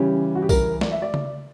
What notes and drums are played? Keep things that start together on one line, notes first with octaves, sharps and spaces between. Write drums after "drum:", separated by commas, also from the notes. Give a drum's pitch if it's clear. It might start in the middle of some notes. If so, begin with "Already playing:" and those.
Already playing: C#3 E3 G3 C#4 G4
F#4
G4
A#4, drum: kick B1, tambourine
D5, drum: snare
E5
D5
drum: tom C#3